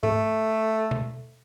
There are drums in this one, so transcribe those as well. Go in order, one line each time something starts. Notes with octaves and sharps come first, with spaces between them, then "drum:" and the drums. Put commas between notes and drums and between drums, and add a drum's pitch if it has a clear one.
A3, drum: tom G#2
drum: tom B2